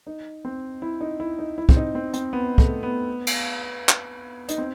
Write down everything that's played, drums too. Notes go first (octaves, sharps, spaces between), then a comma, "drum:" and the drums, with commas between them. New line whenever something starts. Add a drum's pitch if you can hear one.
D#4
C4
E4
D#4
E4
D#4
E4
C4, drum: kick
D#4
C4
C4, drum: hi-hat
B3
A3, drum: kick
B3
drum: cymbal
drum: clap
D#4, drum: hi-hat
C4